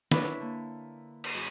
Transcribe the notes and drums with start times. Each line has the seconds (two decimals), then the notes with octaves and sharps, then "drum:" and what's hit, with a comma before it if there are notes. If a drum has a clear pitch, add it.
0.11 D4 E4 B4 C#5 E5, drum: snare
0.40 D3 A#3
1.24 drum: cymbal
1.34 F#2 G#4 B5